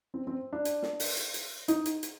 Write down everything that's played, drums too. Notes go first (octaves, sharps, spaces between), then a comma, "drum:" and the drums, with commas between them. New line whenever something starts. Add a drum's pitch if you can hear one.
C4
C4
D4
drum: hi-hat
drum: snare
drum: open hi-hat
drum: hi-hat
drum: hi-hat
D#4, drum: hi-hat
drum: hi-hat
drum: hi-hat